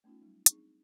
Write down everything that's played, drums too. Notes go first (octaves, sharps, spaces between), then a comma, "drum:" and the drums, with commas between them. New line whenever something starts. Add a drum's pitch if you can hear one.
A3 B3 C#4 D#4 F4
F#3 G3 D#4
C4 D4 D#4 G#4, drum: hi-hat